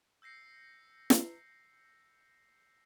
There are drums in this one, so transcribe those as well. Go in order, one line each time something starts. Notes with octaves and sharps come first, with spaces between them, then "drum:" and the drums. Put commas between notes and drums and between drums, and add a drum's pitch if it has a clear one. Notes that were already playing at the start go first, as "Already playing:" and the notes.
E6 G6 A#6 C7 C#7
drum: snare